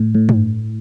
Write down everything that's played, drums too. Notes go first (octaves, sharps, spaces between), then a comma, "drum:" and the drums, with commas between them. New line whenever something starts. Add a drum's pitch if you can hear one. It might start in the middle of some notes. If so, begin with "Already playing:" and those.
Already playing: A2
A2
drum: tom G2